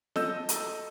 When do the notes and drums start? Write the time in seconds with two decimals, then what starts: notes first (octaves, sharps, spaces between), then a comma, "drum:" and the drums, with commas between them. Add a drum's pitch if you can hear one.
0.16 A4 D#5 E6 G6, drum: snare
0.49 drum: hi-hat